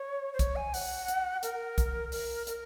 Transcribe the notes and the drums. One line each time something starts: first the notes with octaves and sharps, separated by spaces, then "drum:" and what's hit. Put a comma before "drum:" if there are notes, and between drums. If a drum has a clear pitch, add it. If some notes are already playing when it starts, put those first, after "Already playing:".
Already playing: C#5
C5
C#5, drum: kick, hi-hat
G#5
F#5, drum: open hi-hat
drum: hi-hat
A#4, drum: hi-hat
drum: kick, hi-hat
A#4, drum: open hi-hat
A#4, drum: hi-hat